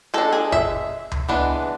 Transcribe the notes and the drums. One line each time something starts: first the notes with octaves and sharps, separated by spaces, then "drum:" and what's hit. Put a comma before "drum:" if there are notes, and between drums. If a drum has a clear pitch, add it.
G#3 D4 A4
G#4
E5, drum: kick F#1
drum: tom C#2
E3 G#3 B3 D4